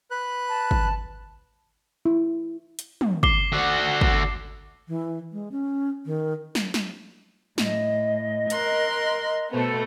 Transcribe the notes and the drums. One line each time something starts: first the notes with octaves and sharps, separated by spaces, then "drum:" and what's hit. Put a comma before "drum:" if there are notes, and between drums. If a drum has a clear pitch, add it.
B4 F#6
A5
drum: kick
E4
drum: hi-hat
drum: tom
D6 C7 G7, drum: kick
D3 F#4
drum: kick
E3
G#3
C#4
D#3
drum: snare
drum: snare
A2 D#5, drum: snare
A#4 C6 F#6, drum: hi-hat
B2 A3 B3 A4 C5